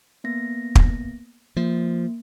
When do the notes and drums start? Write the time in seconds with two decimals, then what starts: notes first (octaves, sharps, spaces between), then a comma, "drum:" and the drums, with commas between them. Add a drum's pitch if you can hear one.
0.24 A#3 B3 A#6
0.75 drum: kick
1.56 F3 A#3